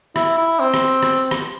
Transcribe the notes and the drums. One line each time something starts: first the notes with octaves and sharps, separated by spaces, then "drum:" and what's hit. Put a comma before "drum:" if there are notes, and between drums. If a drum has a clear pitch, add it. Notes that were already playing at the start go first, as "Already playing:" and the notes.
E4, drum: rim click
E4
C4, drum: tambourine
drum: rim click
drum: tambourine
drum: rim click
drum: tambourine
drum: rim click